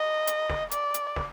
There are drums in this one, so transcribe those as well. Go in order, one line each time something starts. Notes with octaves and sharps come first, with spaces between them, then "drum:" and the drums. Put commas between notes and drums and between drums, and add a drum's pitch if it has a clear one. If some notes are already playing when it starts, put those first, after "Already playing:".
Already playing: D#5
drum: hi-hat
drum: snare
D5, drum: hi-hat
drum: hi-hat
drum: snare